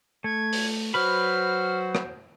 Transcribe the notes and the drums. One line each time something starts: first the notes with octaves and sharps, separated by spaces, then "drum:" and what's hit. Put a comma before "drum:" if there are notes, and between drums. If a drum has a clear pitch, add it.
A3 G#6
drum: open hi-hat
F#3 F#4 B4 C5 B5 F6
drum: rim click